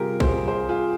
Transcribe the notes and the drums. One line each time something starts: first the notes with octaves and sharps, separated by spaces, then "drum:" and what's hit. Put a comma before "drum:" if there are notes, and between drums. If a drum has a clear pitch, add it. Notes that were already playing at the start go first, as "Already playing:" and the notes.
Already playing: C3 G3 F4 G4 G#4 A#4
G#4 C5, drum: kick B1
G#4 C5
F4 G#4